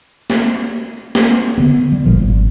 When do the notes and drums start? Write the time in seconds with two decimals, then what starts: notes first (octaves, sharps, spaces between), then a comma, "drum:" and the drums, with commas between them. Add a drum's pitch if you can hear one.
0.30 drum: snare
1.15 drum: snare
1.58 D3 B3
1.92 G3
2.05 G#1 A#2 F3
2.22 G#1